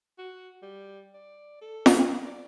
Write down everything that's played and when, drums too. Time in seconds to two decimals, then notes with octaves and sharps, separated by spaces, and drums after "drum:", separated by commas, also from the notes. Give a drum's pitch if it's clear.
0.18 F#4
0.62 G3
1.14 D5
1.61 A4
1.86 drum: snare F4
2.25 D5